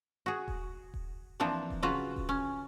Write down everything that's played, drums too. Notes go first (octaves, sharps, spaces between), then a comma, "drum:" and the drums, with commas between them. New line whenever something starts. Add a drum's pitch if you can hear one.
F#4 G#4
drum: kick D#1
drum: kick D#1
E3 F3 A#3 C4 D4
drum: kick D#1
C#3 F#3 F4 F#4 B4 F5
drum: kick D#1
C#4